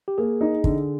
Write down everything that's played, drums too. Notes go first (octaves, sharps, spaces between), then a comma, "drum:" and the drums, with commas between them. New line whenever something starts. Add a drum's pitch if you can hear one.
G4
A#3 G#4
D#4
D3, drum: kick